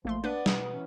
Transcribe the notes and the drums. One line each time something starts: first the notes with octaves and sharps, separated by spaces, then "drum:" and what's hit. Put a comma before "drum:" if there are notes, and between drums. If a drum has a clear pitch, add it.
A1 F3 A3 A#3 C6
B3 D4 B4 D5
B2 D#6, drum: snare
E3 C#4